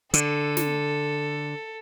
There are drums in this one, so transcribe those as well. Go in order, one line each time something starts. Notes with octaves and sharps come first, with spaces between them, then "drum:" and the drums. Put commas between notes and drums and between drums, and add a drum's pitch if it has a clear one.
D3 A4, drum: hi-hat
drum: snare